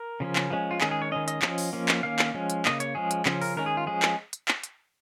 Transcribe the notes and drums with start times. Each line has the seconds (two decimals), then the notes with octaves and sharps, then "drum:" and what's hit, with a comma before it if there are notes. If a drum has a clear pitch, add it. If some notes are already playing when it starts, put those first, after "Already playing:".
Already playing: A#4
0.20 C#3 F3 C#4
0.36 drum: clap
0.50 F3 G#3 C#4
0.71 F4
0.81 D#3 G#3 C#4 G#4, drum: clap
0.91 G#4
1.02 C#5
1.11 D#3 G#3 C#4 D#5
1.28 D#5, drum: hi-hat
1.42 F3 C#4, drum: clap
1.58 drum: open hi-hat
1.73 F3 A#3 C#4
1.88 drum: clap
2.03 D#3 A#3 C#4 F5
2.19 drum: clap
2.34 F3 G#3 C#4
2.50 drum: hi-hat
2.65 C#3 F3 A#3 D#5, drum: clap
2.80 C#5, drum: hi-hat
2.95 F3 G#3 C#4 G#4
3.11 drum: hi-hat
3.26 C#3 F3 C#4, drum: clap
3.42 A#4, drum: open hi-hat
3.57 D#3 G#3 C#4 A#4
3.66 G#4
3.77 F4
3.87 F3 G#3 C#4 G#4
4.02 drum: clap
4.33 drum: hi-hat
4.48 drum: clap
4.64 drum: hi-hat